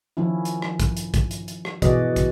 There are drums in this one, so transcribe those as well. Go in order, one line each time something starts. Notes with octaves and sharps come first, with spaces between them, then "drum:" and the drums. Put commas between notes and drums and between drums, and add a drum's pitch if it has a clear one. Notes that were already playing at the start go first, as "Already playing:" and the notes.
D#3 F3 C#4 E4
drum: hi-hat
drum: rim click
drum: kick, hi-hat
drum: hi-hat
drum: kick, hi-hat
drum: hi-hat
drum: hi-hat
drum: rim click
B2 E3 F#4 G#4 D5 D#5, drum: kick, hi-hat
drum: kick, hi-hat